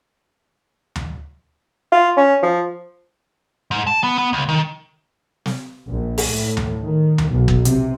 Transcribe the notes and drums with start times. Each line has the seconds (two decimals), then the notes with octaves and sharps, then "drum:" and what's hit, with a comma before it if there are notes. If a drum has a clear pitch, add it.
0.95 drum: tom D2
1.92 F4
2.17 C#4
2.43 F3
3.71 G#2
3.87 A5
4.03 B3
4.18 B3
4.33 C#2
4.49 D#3
5.46 drum: snare
5.87 A#1
6.18 drum: open hi-hat
6.27 A2
6.57 drum: tom D2
6.81 D#3
7.18 drum: tom D2
7.29 B1
7.48 drum: kick G1
7.65 C3, drum: hi-hat